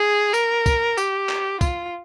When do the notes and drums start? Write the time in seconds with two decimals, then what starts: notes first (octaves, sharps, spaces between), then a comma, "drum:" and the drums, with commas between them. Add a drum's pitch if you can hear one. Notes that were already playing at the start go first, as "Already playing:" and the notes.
Already playing: G#4
0.34 A#4, drum: tambourine
0.66 drum: kick, tambourine
0.98 G4, drum: tambourine
1.29 drum: clap
1.61 F4, drum: kick, tambourine